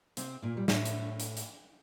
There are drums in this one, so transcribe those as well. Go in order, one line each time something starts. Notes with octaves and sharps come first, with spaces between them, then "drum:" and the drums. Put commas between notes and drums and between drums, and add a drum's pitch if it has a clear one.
C3 C4, drum: hi-hat
A#2 A#3
G3
A2 A3, drum: snare
drum: hi-hat
drum: hi-hat
drum: hi-hat